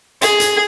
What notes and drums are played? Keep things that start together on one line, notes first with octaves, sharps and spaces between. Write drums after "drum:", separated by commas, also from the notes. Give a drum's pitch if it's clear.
G#4, drum: hi-hat
drum: hi-hat